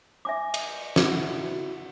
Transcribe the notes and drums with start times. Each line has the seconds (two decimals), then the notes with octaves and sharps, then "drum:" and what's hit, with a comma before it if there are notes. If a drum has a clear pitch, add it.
0.25 E5 G#5 D6
0.54 D#5, drum: cymbal
0.96 E4 F#4, drum: snare